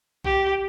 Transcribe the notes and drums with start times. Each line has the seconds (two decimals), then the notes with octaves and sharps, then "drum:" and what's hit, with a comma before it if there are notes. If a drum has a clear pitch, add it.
0.24 G4, drum: kick A#1